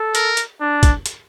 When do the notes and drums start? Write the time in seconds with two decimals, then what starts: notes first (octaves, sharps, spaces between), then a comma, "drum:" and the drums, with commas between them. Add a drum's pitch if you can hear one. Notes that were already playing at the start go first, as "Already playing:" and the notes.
Already playing: A4
0.15 A#4, drum: hi-hat
0.37 drum: hi-hat
0.60 D4
0.83 drum: kick, hi-hat
1.06 drum: hi-hat